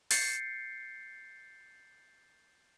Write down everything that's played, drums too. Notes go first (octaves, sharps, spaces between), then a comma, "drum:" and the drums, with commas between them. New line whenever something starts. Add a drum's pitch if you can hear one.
G6 A6 C7 C#7, drum: open hi-hat